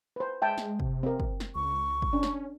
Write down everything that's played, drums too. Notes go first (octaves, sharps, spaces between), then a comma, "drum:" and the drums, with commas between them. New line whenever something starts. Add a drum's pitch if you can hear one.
B4 C5
G#3 E5 G5 A5
drum: snare
C3, drum: kick
C4 A#4
drum: kick
drum: snare
C#2 C#6
drum: kick
C#4 D4
drum: snare